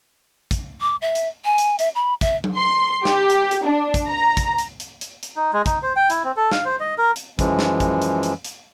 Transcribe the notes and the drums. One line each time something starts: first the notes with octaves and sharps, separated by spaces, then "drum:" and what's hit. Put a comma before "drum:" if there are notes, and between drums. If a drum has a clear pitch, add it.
drum: kick, hi-hat
D6
E5
drum: hi-hat
G#5
drum: hi-hat
E5, drum: hi-hat
B5
E5, drum: kick, hi-hat
drum: tom F#3
C6
G4, drum: snare
drum: hi-hat
drum: hi-hat
D4
drum: kick, hi-hat
A#5
drum: kick, hi-hat
drum: hi-hat
drum: hi-hat
drum: hi-hat
drum: hi-hat
D#4
G#3
D#4, drum: kick, hi-hat
C5
G5
E4, drum: hi-hat
C4
A4
F5, drum: snare
C5
D#5
A#4
drum: hi-hat
F#2 E3 F3 G#3, drum: kick, hi-hat
drum: snare
drum: kick, hi-hat
drum: hi-hat
drum: hi-hat
drum: hi-hat